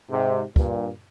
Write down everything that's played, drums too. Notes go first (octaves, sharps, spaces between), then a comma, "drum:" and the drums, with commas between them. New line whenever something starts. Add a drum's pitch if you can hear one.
G#2 C3
G2 A#2, drum: kick